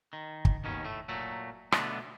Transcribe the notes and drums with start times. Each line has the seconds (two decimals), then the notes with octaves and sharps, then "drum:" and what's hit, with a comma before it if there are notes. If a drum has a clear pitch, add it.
0.13 D#3
0.45 drum: kick
0.64 D#2 B2 D#3 C#4
0.85 A2 A3
1.09 A#2 F#3 A3
1.72 B2 D3 A3 B3 C4 D4, drum: rim click